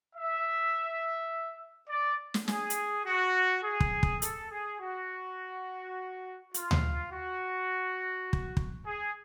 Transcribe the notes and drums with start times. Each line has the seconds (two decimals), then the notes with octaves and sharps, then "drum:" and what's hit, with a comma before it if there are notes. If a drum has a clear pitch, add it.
0.15 E5
1.89 D5
2.34 drum: snare
2.48 G#4, drum: snare
2.70 drum: hi-hat
3.05 F#4
3.64 G#4
3.80 drum: kick
4.03 drum: kick
4.22 A4, drum: hi-hat
4.50 G#4
4.80 F#4
6.54 F4, drum: hi-hat
6.71 drum: tom D2
7.12 F#4
8.33 drum: kick
8.57 drum: kick
8.86 G#4